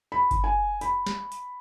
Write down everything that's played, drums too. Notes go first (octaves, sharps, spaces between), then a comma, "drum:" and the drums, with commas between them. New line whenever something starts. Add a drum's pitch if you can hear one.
B5
drum: kick G1, hi-hat
G#5
B5, drum: hi-hat
drum: snare
drum: hi-hat